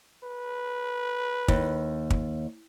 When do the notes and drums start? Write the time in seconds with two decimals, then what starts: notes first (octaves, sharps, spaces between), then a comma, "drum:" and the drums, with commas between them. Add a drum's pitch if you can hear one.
0.23 B4
1.48 D#2, drum: kick
2.10 drum: kick